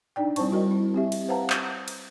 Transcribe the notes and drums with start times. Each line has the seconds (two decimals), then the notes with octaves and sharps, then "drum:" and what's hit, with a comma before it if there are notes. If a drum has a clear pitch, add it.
0.16 D4 D#4 D5 G5
0.36 G3 C4 E4 C5 A5 C#6, drum: cymbal
0.51 G3 F#4 A#4 D#5
0.71 E4
0.94 C4 G4 E5
1.12 drum: cymbal
1.28 B4 C5 F5 F#5 A5 A#5
1.50 drum: clap
1.88 drum: cymbal